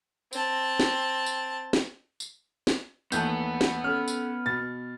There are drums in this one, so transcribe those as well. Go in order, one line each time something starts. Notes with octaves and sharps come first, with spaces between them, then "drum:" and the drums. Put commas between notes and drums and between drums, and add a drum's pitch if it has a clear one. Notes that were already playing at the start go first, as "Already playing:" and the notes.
C4 A5, drum: tambourine
drum: snare
drum: tambourine
drum: snare
drum: tambourine
drum: snare
D#2 E3 A3 B3 B4 A5 G6, drum: tambourine
drum: snare
C#4 A4 F6
drum: tambourine
B2 A6